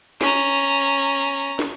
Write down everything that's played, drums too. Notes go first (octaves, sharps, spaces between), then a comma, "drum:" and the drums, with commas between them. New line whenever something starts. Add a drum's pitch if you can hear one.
C#4 A#5, drum: snare
drum: cymbal
drum: cymbal
drum: cymbal
drum: cymbal
drum: cymbal
drum: snare